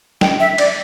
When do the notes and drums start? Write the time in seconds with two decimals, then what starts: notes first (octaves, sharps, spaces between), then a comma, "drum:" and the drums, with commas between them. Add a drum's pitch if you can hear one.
0.21 G5, drum: snare
0.40 E5
0.58 D5, drum: cymbal